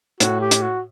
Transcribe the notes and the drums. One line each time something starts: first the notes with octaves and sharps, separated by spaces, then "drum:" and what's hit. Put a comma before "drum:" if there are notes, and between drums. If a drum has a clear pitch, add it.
A2 F#4, drum: hi-hat
G4
drum: hi-hat
F#4